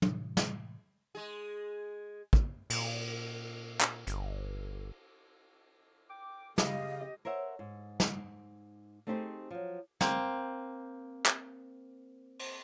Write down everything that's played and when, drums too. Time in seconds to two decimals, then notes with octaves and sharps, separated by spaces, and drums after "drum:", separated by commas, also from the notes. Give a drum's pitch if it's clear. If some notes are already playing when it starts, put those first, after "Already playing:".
0.02 A2 C3 E3 G3, drum: tom
0.37 drum: snare
1.15 G#3 G#4
2.33 drum: kick
2.70 A#2, drum: cymbal
3.81 drum: clap
4.07 G1, drum: hi-hat
6.10 G5 D6
6.58 C#3 G4 D#5 F5, drum: snare
7.25 A#4 C5 C#5 E5 F#5
7.59 G#2
8.00 drum: snare
9.07 A3 C4 D#4 G4 G#4 C5
9.50 F3 F#3
10.01 A#3 C4, drum: snare
11.26 drum: clap
12.39 drum: cymbal